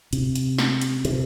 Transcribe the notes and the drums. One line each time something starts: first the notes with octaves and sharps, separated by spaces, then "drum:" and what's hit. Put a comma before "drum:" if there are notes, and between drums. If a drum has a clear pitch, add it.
C3, drum: hi-hat
drum: hi-hat
drum: snare
drum: hi-hat
C3, drum: hi-hat